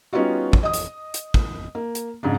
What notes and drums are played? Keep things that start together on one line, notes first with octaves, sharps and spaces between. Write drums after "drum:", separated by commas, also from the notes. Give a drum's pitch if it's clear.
G3 B3 C#4 D#4 F4 F#4
drum: kick
D#5 D#6
drum: hi-hat
drum: hi-hat
drum: kick
A#3
drum: hi-hat
F2 G#2 C#3 D4